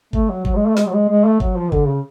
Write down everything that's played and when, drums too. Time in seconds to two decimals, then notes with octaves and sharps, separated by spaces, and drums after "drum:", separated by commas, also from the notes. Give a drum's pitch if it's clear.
0.13 A3, drum: kick G1
0.29 F#3
0.45 F#3, drum: kick G1
0.55 G#3
0.66 A3
0.77 G#3, drum: snare
0.86 F#3
0.93 G#3
1.09 G#3
1.25 A3
1.40 F#3, drum: kick G1
1.56 F3
1.72 D3, drum: kick G1
1.88 C#3